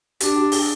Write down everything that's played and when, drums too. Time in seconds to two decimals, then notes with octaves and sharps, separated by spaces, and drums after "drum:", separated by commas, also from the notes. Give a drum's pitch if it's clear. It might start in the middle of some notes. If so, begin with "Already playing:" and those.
0.20 D4 G4, drum: hi-hat
0.36 G4
0.52 G#4, drum: open hi-hat